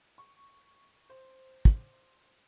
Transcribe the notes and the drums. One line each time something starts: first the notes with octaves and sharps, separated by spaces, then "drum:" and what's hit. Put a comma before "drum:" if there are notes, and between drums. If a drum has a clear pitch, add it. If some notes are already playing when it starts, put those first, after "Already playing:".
C#6
C5
drum: kick